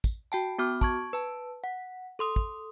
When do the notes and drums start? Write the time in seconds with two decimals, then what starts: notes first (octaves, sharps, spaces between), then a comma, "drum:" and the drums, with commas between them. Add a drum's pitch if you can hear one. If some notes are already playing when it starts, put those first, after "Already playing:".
0.04 drum: kick, tambourine
0.32 F#4 G5 A5
0.58 B3 F#4 D6 F6
0.81 A5 C#6 G#6, drum: kick
1.13 B4 A5
1.64 F#5
2.19 A4 C6 D#6
2.36 drum: kick